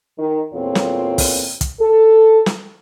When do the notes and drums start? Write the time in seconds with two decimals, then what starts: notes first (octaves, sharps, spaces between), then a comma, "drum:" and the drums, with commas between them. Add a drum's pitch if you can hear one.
0.19 D#3
0.54 E2 A#2 C4 F4 A4 C#5
0.75 drum: snare
1.18 drum: kick, open hi-hat
1.61 drum: kick, hi-hat
1.80 A4
2.46 drum: snare